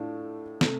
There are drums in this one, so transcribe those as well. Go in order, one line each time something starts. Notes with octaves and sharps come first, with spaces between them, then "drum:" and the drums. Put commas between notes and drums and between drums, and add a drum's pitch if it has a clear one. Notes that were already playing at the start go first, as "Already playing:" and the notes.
Already playing: A2 A3 D4 F4 A4
C3 A3, drum: snare